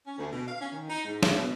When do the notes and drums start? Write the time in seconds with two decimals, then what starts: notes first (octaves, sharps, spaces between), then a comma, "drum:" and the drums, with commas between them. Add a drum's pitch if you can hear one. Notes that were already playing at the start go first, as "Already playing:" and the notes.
0.06 C#4
0.18 D2
0.32 B2
0.47 F5
0.60 C#4
0.72 D#3
0.89 D#4
1.05 G#2
1.23 G#2, drum: snare
1.37 B2